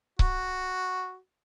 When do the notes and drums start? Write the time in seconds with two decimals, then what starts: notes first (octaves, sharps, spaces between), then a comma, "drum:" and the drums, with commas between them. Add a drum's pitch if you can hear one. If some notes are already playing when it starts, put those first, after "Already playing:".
0.19 F#4, drum: kick C#1